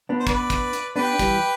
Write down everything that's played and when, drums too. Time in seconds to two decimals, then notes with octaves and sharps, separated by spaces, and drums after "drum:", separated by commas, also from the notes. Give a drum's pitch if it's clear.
0.09 B3 D4
0.20 C5
0.27 B4 D5, drum: kick, hi-hat
0.50 drum: kick, hi-hat
0.73 drum: hi-hat
0.96 B3 D4 G4 B4
1.19 E3 G3, drum: kick, hi-hat